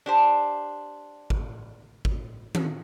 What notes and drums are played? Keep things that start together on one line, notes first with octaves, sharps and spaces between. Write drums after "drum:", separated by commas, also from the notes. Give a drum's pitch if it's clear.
D4 G4 C5
drum: kick G#1
drum: kick G#1
drum: tom D#3